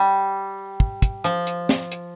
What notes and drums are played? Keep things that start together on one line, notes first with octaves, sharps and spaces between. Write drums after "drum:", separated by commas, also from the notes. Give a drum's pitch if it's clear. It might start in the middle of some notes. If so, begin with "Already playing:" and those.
Already playing: G3
drum: kick
drum: kick, hi-hat
F3, drum: hi-hat
drum: hi-hat
drum: snare
drum: hi-hat